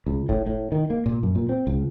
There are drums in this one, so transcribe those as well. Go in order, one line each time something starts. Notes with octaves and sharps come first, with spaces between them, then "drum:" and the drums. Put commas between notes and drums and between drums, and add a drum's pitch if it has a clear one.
C#2
A2, drum: kick F#1
A2
D#3
A#3
A#2
F#2
A#2
C4
C#2